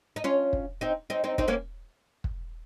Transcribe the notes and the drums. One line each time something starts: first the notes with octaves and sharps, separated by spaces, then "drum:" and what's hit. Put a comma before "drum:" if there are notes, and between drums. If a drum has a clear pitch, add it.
D#4
C#4 F4
drum: kick
C4 D#4
C4 D#4
C4 D#4
C4 D#4, drum: kick
A#3 C#4
drum: kick